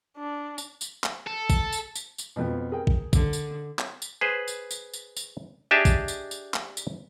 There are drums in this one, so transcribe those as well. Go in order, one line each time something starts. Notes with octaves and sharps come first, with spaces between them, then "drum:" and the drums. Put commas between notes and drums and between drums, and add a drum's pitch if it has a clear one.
D4
drum: tambourine
drum: tambourine
drum: clap
A4
drum: kick, tambourine
drum: tambourine
drum: tambourine
drum: tambourine
F2 B2
G#4 A#4 G5
drum: kick
D3, drum: kick, tambourine
drum: tambourine
drum: clap
drum: tambourine
G#4 B4 C5
drum: tambourine
drum: tambourine
drum: tambourine
drum: tambourine
D4 G4 G#4 D#5 E5 A5
drum: kick, tambourine
drum: tambourine
drum: tambourine
drum: clap
drum: tambourine